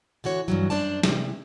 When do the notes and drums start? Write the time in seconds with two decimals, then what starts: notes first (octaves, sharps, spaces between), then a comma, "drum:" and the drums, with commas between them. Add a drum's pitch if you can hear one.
0.24 D3 E3 F#4 C#5
0.48 G2 E3 F#3
0.70 F#2 D4 C5 D5 A5
1.03 C3 E3, drum: snare